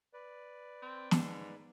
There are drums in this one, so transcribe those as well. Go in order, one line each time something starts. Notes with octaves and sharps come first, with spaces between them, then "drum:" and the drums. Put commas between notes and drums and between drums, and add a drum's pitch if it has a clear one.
B4 D5
C4
G#2, drum: snare